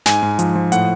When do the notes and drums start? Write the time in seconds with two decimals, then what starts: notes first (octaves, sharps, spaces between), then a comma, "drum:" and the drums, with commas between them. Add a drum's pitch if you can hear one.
0.06 G#2 G#5, drum: snare
0.23 G#2
0.39 F3, drum: hi-hat
0.55 F3
0.72 A2 F#5, drum: hi-hat